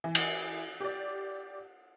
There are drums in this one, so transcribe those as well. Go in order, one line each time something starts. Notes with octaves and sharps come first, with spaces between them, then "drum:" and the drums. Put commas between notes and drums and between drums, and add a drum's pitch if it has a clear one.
E3
drum: cymbal
G4 D5